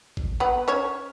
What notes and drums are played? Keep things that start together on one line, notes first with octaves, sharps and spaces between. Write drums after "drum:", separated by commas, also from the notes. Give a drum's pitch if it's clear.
drum: kick G#1
B3 B4
C#4 C#5